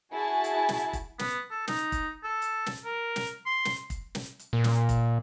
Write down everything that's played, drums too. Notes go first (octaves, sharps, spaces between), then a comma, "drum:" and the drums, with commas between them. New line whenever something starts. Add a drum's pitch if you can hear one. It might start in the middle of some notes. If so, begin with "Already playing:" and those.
E4 F#4 G#4 G#5 A5
drum: hi-hat
drum: snare
drum: kick, hi-hat
B3, drum: snare
A4
D#4, drum: snare
drum: kick, hi-hat
A4
drum: hi-hat
drum: snare
A#4
drum: snare
C6
drum: snare
drum: kick, hi-hat
drum: snare
drum: hi-hat
A#2
drum: snare
drum: kick, hi-hat